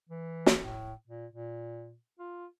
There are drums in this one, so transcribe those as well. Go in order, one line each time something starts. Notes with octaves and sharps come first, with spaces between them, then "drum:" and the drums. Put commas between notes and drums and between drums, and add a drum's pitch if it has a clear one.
E3
drum: snare
A2
A#2
A#2
F4